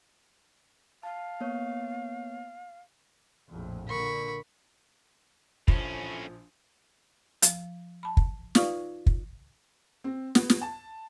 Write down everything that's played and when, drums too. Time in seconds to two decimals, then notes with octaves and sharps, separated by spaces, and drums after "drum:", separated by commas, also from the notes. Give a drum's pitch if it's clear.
1.03 F5 A5
1.41 A#3 B3 C#5
3.50 A#1 F2 A2
3.89 A#2 D3 A#4 B5 C#6
5.68 A#1 A2 F3 C#4, drum: kick
7.42 F3, drum: hi-hat
8.03 A5 B5
8.17 drum: kick
8.55 D#4 F4 B4 D5 F5 C#6, drum: snare
9.06 drum: kick
10.04 C4
10.35 B3, drum: snare
10.50 drum: snare
10.61 A5